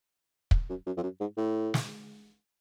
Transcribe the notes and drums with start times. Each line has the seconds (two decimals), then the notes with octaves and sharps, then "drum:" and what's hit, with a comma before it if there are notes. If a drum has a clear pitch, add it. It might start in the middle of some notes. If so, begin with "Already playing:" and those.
0.51 drum: kick
0.69 F#2
0.86 F#2
0.97 F2
1.03 F#2
1.20 G#2
1.37 A2
1.74 drum: snare